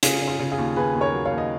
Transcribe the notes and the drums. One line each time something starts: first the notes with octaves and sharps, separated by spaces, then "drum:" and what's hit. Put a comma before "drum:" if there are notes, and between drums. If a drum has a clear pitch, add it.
C#3 F4 G#4, drum: hi-hat
C#3
F4
C#3
F4 G#4
D#2
D#2 G#4 B4
D#2
A#4 C#5
F#3
C#5 F5
D#2
D#5